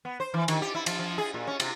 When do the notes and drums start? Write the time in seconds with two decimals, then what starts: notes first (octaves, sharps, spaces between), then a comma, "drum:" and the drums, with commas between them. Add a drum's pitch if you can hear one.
0.05 B3
0.20 C5
0.34 E3
0.48 D#3, drum: cymbal
0.62 G4
0.75 E4
0.86 F3, drum: cymbal
0.99 F3
1.18 G#4
1.34 A#2
1.47 C#4
1.60 C3, drum: cymbal